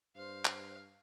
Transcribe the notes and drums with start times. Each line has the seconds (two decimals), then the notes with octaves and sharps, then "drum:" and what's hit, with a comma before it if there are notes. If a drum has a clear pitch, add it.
0.16 G2 C5 F5
0.45 drum: clap